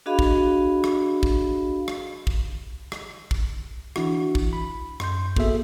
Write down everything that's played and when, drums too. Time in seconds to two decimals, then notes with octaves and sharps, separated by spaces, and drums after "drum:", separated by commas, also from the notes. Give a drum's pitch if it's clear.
0.06 D4 F#4 G#4 D#5 F5 B5
0.19 drum: kick
0.84 drum: rim click
1.23 drum: kick
1.88 drum: rim click
2.27 drum: kick
2.92 drum: rim click
3.31 drum: kick
3.96 E3 D4 E4 F#4, drum: rim click
4.35 drum: kick
4.53 B5
5.00 F#2 C6 G6, drum: rim click
5.36 A#3 B3 F#4 G#4 A4 E5, drum: kick